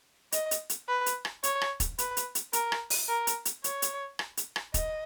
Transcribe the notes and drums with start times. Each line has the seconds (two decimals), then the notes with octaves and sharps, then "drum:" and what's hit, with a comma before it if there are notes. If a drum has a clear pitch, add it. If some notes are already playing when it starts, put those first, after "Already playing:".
0.32 D#5, drum: hi-hat
0.51 drum: hi-hat
0.70 drum: hi-hat
0.88 B4
1.06 drum: hi-hat
1.25 drum: rim click
1.43 C#5, drum: hi-hat
1.61 drum: rim click
1.80 drum: kick, hi-hat
1.98 B4, drum: hi-hat
2.17 drum: hi-hat
2.35 drum: hi-hat
2.53 A#4, drum: hi-hat
2.72 drum: rim click
2.90 drum: open hi-hat
3.09 A#4
3.27 drum: hi-hat
3.45 drum: hi-hat
3.64 C#5, drum: hi-hat
3.82 drum: hi-hat
4.19 drum: rim click
4.37 drum: hi-hat
4.56 drum: rim click
4.74 D#5, drum: kick, hi-hat